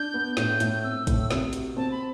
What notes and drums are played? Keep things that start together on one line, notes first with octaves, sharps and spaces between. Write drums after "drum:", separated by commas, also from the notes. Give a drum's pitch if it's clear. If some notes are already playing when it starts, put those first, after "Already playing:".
Already playing: D4 G6
B3
A2 G6, drum: snare
A2, drum: hi-hat
C4 E6
A2, drum: kick, hi-hat
C3, drum: snare
F#4, drum: hi-hat
C4 A5
B5